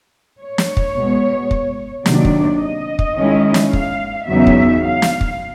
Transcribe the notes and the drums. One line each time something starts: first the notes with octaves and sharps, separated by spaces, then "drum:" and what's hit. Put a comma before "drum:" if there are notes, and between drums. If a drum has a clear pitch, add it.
C#5
drum: snare
drum: kick
B2 G#3 B3
drum: kick
C3 D#3 F#3 A#3 D4 D5, drum: snare
drum: kick
D#5
drum: kick
D#3 G#3 C#4 E4
drum: snare
F5, drum: kick
E2 C#3 F#3 B3 D#4 E5
drum: kick
F5
drum: snare
drum: kick